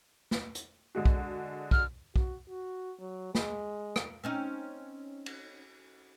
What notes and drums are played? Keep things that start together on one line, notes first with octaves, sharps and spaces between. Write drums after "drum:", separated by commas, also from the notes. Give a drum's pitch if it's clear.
drum: snare
drum: hi-hat
D3 G#3 F#4
drum: kick B1
F6, drum: kick B1
F#4, drum: kick B1
F#4
F#3
G#3, drum: snare
drum: rim click
C4 C#4 D#4
drum: cymbal